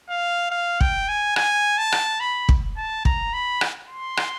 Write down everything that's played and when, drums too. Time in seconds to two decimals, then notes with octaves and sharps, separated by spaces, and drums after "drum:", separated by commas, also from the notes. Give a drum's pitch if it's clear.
0.09 F5
0.51 F5
0.81 G5, drum: kick
1.09 G#5
1.36 G#5, drum: rim click
1.78 A5
1.92 drum: rim click
2.20 B5
2.49 drum: kick
2.77 A5
3.05 A#5, drum: kick
3.33 B5
3.61 drum: rim click
3.89 C6
4.17 drum: rim click